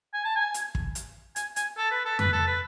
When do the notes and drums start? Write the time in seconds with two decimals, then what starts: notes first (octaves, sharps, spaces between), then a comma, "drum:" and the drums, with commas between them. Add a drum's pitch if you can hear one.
0.13 G#5
0.24 A5
0.35 G#5
0.54 drum: hi-hat
0.75 drum: kick
0.95 drum: hi-hat
1.36 G#5, drum: hi-hat
1.56 G#5, drum: hi-hat
1.77 A4
1.91 B4
2.05 A4
2.19 B4, drum: tom F2
2.33 A4
2.47 B4